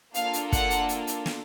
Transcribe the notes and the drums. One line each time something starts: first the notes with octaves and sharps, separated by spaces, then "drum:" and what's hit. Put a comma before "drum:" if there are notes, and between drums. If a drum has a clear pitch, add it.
A#3 D4 F4 A4 F5, drum: hi-hat
drum: hi-hat
F#5, drum: kick, hi-hat
drum: hi-hat
drum: hi-hat
drum: hi-hat
drum: snare